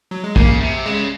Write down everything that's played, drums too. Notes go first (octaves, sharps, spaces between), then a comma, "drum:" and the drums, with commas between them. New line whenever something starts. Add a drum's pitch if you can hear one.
F#3
G#3
C#3 A#3, drum: kick
C3
C#3 G#3